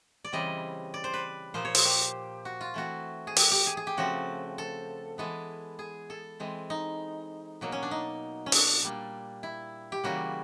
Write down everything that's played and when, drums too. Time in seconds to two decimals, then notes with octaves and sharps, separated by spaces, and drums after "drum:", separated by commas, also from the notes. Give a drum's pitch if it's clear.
0.25 D5
0.32 C#3 E3 G3 C4 D#5
0.94 D5
1.04 C5
1.14 B4
1.54 A#2 F3 A#3 C5
1.65 C#5
1.75 C5, drum: open hi-hat
1.85 G4
2.45 F#4
2.61 F4
2.74 E3 A3 C4 F#4
3.27 G#4
3.36 G4, drum: open hi-hat
3.51 G4
3.67 G#4
3.77 G#4
3.87 G4
3.97 C#3 F3 A3 C4 F#4
4.58 A4
5.18 E3 G#3 B3 A4
5.79 G#4
6.10 A4
6.40 E3 G#3 C4
6.70 D#4
7.61 B2 F#3 A#3
7.72 C#4
7.83 D4
7.91 D#4
8.46 C#4
8.52 D4, drum: open hi-hat
8.83 A#2 G3 A#3
9.43 E4
9.92 G4
10.03 C#3 E3 G3 A#3 F#4